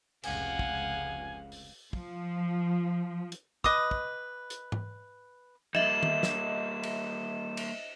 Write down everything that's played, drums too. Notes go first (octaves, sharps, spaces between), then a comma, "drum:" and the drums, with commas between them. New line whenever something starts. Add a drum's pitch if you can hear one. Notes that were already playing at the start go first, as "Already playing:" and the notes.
F1 C#2 F5 F#5 G#5, drum: cymbal
drum: kick
drum: open hi-hat
F3, drum: kick
drum: hi-hat
B4 D#5 D6 D#6, drum: kick
drum: kick
drum: hi-hat
drum: tom G#2
G3 A#3 D#5 E5 E7, drum: tom F3
drum: tom D#3
drum: snare
drum: cymbal
drum: cymbal